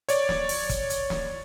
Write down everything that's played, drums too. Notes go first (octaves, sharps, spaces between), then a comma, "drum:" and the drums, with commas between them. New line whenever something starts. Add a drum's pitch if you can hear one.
C#5 D5, drum: hi-hat
drum: snare
drum: open hi-hat
drum: kick, hi-hat
drum: hi-hat
drum: snare